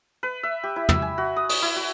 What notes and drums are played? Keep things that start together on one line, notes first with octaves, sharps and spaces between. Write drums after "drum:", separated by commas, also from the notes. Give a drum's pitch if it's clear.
B4
E5
G4
E4
E6, drum: tom
G#5
F#4
D#6
D#6, drum: open hi-hat
E4
F#4